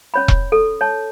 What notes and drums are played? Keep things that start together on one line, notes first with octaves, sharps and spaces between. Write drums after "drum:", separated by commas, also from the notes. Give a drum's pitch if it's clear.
C#4 C#5 B5
drum: kick E1
A4
C#5 A5